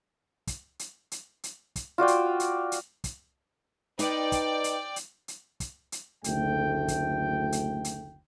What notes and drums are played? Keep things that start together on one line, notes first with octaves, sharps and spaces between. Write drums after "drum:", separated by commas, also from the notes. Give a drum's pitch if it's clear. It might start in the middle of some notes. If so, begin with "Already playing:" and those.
drum: kick, hi-hat
drum: hi-hat
drum: hi-hat
drum: hi-hat
drum: kick, hi-hat
F4 F#4 D5 G5
drum: hi-hat
drum: hi-hat
drum: hi-hat
drum: kick, hi-hat
D#4 B4 D5 D#5 G5, drum: hi-hat
drum: kick, hi-hat
drum: hi-hat
drum: hi-hat
drum: hi-hat
drum: kick, hi-hat
drum: hi-hat
F#1 D2 A3 G5, drum: hi-hat
drum: kick, hi-hat
drum: hi-hat
drum: hi-hat